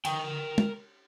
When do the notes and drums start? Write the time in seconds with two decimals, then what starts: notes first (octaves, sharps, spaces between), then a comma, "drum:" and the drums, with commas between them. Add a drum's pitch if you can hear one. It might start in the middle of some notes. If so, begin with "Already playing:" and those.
0.05 A#4 G5, drum: cymbal
0.58 drum: tom